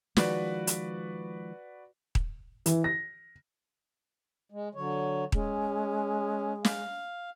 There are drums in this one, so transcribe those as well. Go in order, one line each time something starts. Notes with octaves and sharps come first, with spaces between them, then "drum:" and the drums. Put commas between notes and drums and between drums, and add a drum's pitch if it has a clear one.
D#3 F3 G#3 F#4 B4 D5, drum: snare
drum: hi-hat
drum: kick D#1
E3, drum: hi-hat
A#6
G#3
D3 F#3 C#5
G#3 C#4, drum: kick D#1
F5, drum: snare